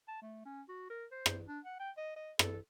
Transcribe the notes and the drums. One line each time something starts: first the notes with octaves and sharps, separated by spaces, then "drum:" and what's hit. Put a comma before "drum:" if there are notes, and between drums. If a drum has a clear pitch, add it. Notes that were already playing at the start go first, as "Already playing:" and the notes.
A5
A3
C#4
F#4
A#4
C5
drum: rim click
D4
F#5
G5
D#5
D#5
A4, drum: rim click